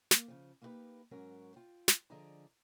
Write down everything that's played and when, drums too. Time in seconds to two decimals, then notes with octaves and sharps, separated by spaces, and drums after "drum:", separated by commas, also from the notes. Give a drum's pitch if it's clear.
0.11 A#3, drum: snare
0.28 C#3 F3
0.62 A#3 D#4 E4 F#4 G4 B4
1.11 G#2 F#3 C#4 A#4
1.56 F4 G5
1.88 drum: snare
2.10 D3 F3 G#4 D5 D#5 A#5